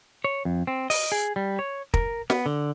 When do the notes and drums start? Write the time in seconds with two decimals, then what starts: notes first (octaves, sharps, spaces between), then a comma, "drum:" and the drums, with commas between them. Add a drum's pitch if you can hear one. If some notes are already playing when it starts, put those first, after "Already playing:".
0.24 C#5
0.45 F2
0.67 C4
0.90 D#5, drum: open hi-hat
1.12 G#4
1.36 G3
1.59 C#5
1.94 A#4, drum: kick
2.30 B3, drum: snare
2.46 D3